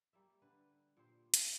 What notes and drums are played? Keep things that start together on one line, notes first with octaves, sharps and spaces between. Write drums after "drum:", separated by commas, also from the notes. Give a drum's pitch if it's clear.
G3 A#3 E5
D3 B4
A#2 G3 C5
C4, drum: hi-hat